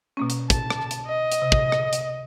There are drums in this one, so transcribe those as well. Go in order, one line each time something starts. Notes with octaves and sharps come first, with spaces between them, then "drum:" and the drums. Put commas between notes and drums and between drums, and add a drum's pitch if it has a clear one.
B2 A#3 C#4
drum: hi-hat
A5, drum: kick, hi-hat
drum: rim click
drum: hi-hat
D#5
drum: hi-hat
C3
drum: kick
drum: rim click
drum: hi-hat